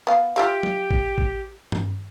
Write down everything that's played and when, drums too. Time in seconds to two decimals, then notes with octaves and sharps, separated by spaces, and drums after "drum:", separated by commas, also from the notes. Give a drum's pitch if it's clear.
0.07 B3 F5
0.36 F4 G4 E5 F5
0.63 drum: tom F#3
0.91 drum: kick A1
1.18 drum: kick A1
1.72 drum: tom G2